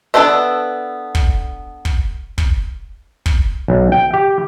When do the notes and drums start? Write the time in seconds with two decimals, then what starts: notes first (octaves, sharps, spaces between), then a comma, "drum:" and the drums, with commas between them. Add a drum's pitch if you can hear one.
0.14 B3 D4 A4 C5 E5
1.15 drum: kick
1.85 drum: kick
2.38 drum: kick
3.26 drum: kick
3.68 B1
3.92 G5
4.14 G4